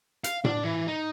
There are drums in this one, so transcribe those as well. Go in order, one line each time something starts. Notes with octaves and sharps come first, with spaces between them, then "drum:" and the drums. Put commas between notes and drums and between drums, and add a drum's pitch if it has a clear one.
F5, drum: hi-hat
D4, drum: tom A2
E3
D#4